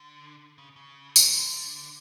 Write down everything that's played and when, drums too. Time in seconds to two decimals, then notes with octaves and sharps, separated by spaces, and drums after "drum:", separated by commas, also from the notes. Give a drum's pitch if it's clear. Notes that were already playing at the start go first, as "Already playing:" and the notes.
Already playing: D3
0.58 C#3
0.76 C#3
1.16 drum: tambourine
1.34 D3